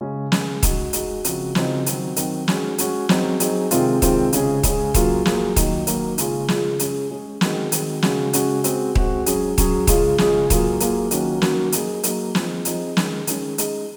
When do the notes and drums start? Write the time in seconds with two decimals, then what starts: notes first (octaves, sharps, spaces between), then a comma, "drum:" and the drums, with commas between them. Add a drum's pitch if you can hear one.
0.01 C#3 G#3 C#4
0.32 C#3 G#3 C#4, drum: snare
0.63 G#3 D#4 F#4, drum: kick D#1, hi-hat
0.93 G#3 D#4 F#4, drum: hi-hat
1.24 C#3 F3 C4 D#4 F#4, drum: hi-hat
1.55 C#3 F3 C4 D#4 F#4, drum: snare
1.86 D#3 F#3 C4 F#4, drum: hi-hat
2.16 D#3 F#3 C4 F#4, drum: hi-hat
2.48 G#3 C#4 F#4, drum: snare
2.78 G#3 C#4 F#4, drum: hi-hat
3.09 F#3 C4 D#4 G#4, drum: snare
3.40 F#3 C4 D#4 G#4, drum: hi-hat
3.71 C3 D#3 G#3 C4 F4, drum: hi-hat
4.02 C3 D#3 G#3 C4 F4, drum: kick D#1, hi-hat
4.33 C#3 G#3 C#4 G#4, drum: hi-hat
4.63 C#3 G#3 C#4 G#4, drum: kick D#1, hi-hat
4.94 F#3 A#3 F4 G#4, drum: kick D#1, hi-hat
5.26 F#3 A#3 F4 G#4, drum: snare
5.56 D#3 F#3 A#3 D#4, drum: kick D#1, hi-hat
5.87 D#3 F#3 A#3 D#4, drum: hi-hat
6.18 C#3 G#3 C#4 F4 G#4, drum: hi-hat
6.48 C#3 G#3 C#4 F4 G#4, drum: snare
6.79 G#3 C#4 G#4, drum: hi-hat
7.10 G#3 C#4 G#4
7.41 D#3 G#3 C4 F#4, drum: snare
7.72 D#3 G#3 C4 F#4, drum: hi-hat
8.02 C#3 G#3 C#4 F#4, drum: snare
8.33 C#3 G#3 C#4 F#4, drum: hi-hat
8.64 G#3 C4 F#4, drum: hi-hat
8.95 G#3 C4 F#4, drum: kick D#1
9.26 F#3 C#4 G#4, drum: hi-hat
9.58 F#3 C#4 G#4, drum: kick D#1, hi-hat
9.87 C#3 G#3 C#4 F4 G#4, drum: kick D#1, hi-hat
10.18 C#3 G#3 C#4 F4 G#4, drum: snare
10.50 F#3 A#3 F4 G#4, drum: kick D#1, hi-hat
10.80 F#3 A#3 F4 G#4, drum: hi-hat
11.11 D#3 F#3 A#3 C#4 F#4, drum: hi-hat
11.42 D#3 F#3 A#3 C#4 F#4, drum: snare
11.72 F#3 A#3 D#4 G#4, drum: hi-hat
12.03 F#3 A#3 D#4 G#4, drum: hi-hat
12.35 F3 C4 D#4 G#4, drum: snare
12.65 F3 C4 D#4 G#4, drum: hi-hat
12.97 D#3 G#3 C#4, drum: snare
13.27 D#3 G#3 C#4, drum: hi-hat
13.58 G#3 D#4 G#4, drum: hi-hat